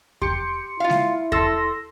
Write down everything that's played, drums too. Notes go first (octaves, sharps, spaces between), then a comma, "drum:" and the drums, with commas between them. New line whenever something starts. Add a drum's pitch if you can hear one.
G4 C6 C#7, drum: kick E2
E4 F4 F5
drum: snare G#3
A4 C6 E6 A#6, drum: kick E2